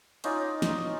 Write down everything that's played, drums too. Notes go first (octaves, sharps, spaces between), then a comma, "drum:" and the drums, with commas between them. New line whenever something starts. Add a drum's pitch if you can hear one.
C#4 D#4 F4 D5, drum: cymbal
drum: snare